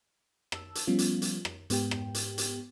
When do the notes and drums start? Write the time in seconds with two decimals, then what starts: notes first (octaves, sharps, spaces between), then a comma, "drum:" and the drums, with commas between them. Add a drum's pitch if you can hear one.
0.52 A5 E6, drum: rim click
0.75 drum: hi-hat
0.87 F3 G3 B3 C#4 F4
0.99 drum: hi-hat
1.22 drum: hi-hat
1.45 drum: rim click
1.70 G#2 B3 G4 G5, drum: hi-hat
1.91 drum: rim click
2.15 drum: hi-hat
2.38 drum: hi-hat